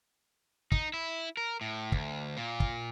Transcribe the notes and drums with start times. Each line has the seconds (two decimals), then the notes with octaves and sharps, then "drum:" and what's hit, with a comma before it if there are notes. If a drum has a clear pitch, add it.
0.72 D#4, drum: kick
0.94 E4
1.37 A#4
1.61 A2
1.92 D2, drum: kick
2.37 A#2
2.60 drum: kick